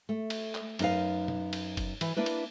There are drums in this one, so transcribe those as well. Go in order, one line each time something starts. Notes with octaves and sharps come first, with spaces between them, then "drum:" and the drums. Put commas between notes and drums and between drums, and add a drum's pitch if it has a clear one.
A3
drum: cymbal
drum: clap
F#2 D#4 A#4 B4 F5, drum: cymbal
drum: tom
drum: cymbal
drum: kick, cymbal
E3, drum: cymbal
A#3 D4 E4 B4
drum: cymbal